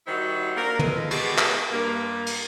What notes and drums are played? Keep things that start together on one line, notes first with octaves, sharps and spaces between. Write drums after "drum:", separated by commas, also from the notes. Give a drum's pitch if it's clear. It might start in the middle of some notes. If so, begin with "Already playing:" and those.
D#3 G3 E4 F#4 C5
A#3 D4 A#4
G#3 D#4 F4 A4 B4, drum: tom
B2 G#3 F#4 G4, drum: cymbal
drum: clap
G2 A#3
drum: cymbal